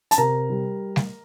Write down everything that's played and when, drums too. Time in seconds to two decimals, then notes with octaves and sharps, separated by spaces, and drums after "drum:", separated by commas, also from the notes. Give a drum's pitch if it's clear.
0.11 A5, drum: hi-hat
0.18 C3 A#4 A#5
0.50 G3
0.96 drum: snare G3